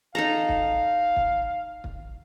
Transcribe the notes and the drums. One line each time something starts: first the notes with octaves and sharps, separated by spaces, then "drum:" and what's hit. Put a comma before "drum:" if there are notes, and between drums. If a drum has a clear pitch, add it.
D#4 A4 F5 A#5
drum: kick
drum: kick
drum: kick